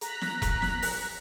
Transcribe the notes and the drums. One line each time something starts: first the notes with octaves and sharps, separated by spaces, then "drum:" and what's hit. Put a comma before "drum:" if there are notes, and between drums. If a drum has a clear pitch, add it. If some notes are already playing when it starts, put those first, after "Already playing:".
A#5 F#6 B6, drum: hi-hat
drum: snare
drum: kick E1, hi-hat
drum: snare
drum: open hi-hat